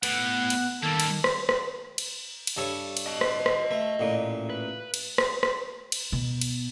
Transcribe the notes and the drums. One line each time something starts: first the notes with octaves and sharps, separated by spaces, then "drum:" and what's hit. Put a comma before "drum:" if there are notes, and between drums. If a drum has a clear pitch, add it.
A2 B3 F#5, drum: cymbal
drum: cymbal
D#3 G3 A#3 A4
drum: cymbal
drum: rim click
drum: rim click
drum: cymbal
drum: cymbal
G2 A4 C#5
drum: cymbal
D#5 A5
drum: rim click
drum: rim click
A3
A1 A#2
B4
drum: cymbal
drum: rim click
drum: rim click
drum: cymbal
B2
drum: cymbal